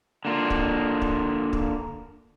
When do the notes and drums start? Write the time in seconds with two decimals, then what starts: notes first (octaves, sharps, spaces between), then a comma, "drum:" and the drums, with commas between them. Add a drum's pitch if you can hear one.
0.25 D3 A#3 F4
0.50 drum: kick
1.02 drum: kick
1.53 drum: kick